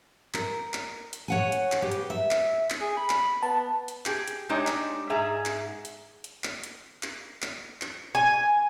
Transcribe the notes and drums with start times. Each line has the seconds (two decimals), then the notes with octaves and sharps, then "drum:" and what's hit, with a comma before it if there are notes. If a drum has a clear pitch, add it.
0.34 A#4, drum: clap
0.74 drum: clap
1.13 drum: hi-hat
1.28 C#5 F#5 G#5
1.52 drum: hi-hat
1.72 drum: clap
1.82 B3 G4
1.92 drum: hi-hat
2.10 E5
2.31 drum: clap
2.70 drum: clap
2.81 G#4
2.97 B5
3.10 drum: clap
3.43 B3 A5
3.88 drum: hi-hat
4.06 G4 G#4, drum: clap
4.28 drum: hi-hat
4.49 G#3 D4 D#4 G4 C#5 D5
4.67 drum: clap
5.10 G#2 G#4 E5 A#5
5.46 drum: clap
5.85 drum: hi-hat
6.24 drum: hi-hat
6.44 drum: clap
6.64 drum: hi-hat
7.03 drum: clap
7.42 drum: clap
7.82 drum: clap
8.15 G#5